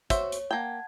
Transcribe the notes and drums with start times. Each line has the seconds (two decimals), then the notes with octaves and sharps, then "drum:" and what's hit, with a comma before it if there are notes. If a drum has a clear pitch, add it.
0.10 F#4 C5 C#5 E5, drum: kick, hi-hat
0.32 drum: hi-hat
0.51 A#3 F#5 G5 A5 G#6